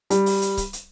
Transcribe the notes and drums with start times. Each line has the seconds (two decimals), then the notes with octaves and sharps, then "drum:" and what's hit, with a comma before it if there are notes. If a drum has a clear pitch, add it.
0.10 G3, drum: hi-hat
0.26 drum: open hi-hat
0.42 drum: hi-hat
0.57 drum: kick C#1, hi-hat
0.73 drum: hi-hat